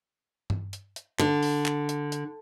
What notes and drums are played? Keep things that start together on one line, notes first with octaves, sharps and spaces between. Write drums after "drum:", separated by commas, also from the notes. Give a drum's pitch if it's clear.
drum: tom G2
drum: hi-hat
drum: hi-hat
D3, drum: clap
drum: open hi-hat
drum: clap
drum: hi-hat
drum: hi-hat